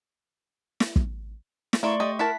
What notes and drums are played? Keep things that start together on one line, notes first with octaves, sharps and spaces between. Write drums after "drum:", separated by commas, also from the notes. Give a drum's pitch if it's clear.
drum: snare
drum: kick
drum: snare
A3 A#3 E4 D5 C6 C#6
G4 D#5
E4 A#4 F#5 A5 B6